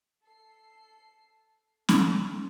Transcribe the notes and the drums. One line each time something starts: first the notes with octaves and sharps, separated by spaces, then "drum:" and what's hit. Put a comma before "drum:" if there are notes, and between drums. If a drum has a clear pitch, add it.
A4 C7
C3 G#3 A3 C6 C#6, drum: snare C#4